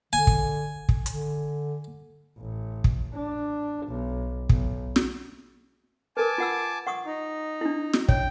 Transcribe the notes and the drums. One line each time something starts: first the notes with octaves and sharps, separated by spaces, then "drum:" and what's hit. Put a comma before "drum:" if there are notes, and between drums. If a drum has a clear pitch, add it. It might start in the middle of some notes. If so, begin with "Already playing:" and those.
D3 G#5
drum: kick
drum: kick
D3, drum: hi-hat
A1
drum: kick
D4
B1
B1, drum: kick
drum: snare
A#4 B4 G#5 A5 D6
F4 F#5 E6
F#5 C#6 D#6
D#4
D4 E4
drum: snare
C#5 G5, drum: kick